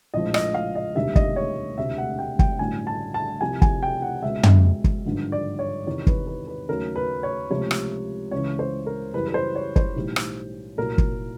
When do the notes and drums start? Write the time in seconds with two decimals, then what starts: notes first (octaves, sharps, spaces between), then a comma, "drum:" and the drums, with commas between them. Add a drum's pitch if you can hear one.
0.14 A#1 A2 F3 G#3 D#5
0.34 D#5, drum: rim click
0.54 F5
0.75 D#5
0.95 E1 D2 C3 D#3 G3 E5
1.16 D#5, drum: kick
1.36 C#5
1.78 E1 D2 C3 E5
1.98 F#5
2.19 G5
2.39 G5, drum: kick
2.59 A1 G2 D3 F#3 G#5
2.87 A5
3.14 A5
3.41 C2 C3 F3 G#5
3.62 G#5, drum: kick
3.83 G5
4.02 F#5
4.22 C#2 B2 G#3 E5
4.43 drum: tom
4.84 drum: kick
5.05 G#1 G2 D3 F3
5.32 D5
5.59 C#5
5.86 E2 C3 D#3 C#5
6.07 B4, drum: kick
6.27 B4
6.48 B4
6.69 D#2 C#3 F#3 A3 A#4
6.96 B4
7.23 C#5
7.50 C#2 C3 F3 A3 C#5
7.71 drum: rim click
8.31 C#2 C#3 E3 C#5
8.59 C5
8.86 A#4
9.14 F#2 C#3 E3 G3 B4
9.28 B4
9.34 C5
9.55 C#5
9.76 C5, drum: kick
9.96 B1 A2 E3 G3
10.16 drum: rim click
10.77 C2 A#2 F#3 A#4
10.98 drum: kick